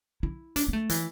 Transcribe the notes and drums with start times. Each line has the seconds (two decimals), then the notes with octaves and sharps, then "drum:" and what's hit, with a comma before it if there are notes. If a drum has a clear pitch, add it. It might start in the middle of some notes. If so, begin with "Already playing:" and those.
0.23 E4
0.56 D4, drum: hi-hat
0.68 B3
0.73 A3
0.89 E3, drum: hi-hat